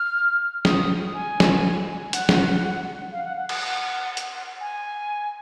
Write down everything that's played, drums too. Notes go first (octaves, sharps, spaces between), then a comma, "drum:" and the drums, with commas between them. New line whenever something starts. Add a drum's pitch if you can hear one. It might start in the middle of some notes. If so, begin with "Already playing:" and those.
Already playing: F6
D#6, drum: snare
G#5
drum: snare
F#5, drum: hi-hat
drum: snare
F5
F#5
F#5
F#5, drum: cymbal
drum: hi-hat
G#5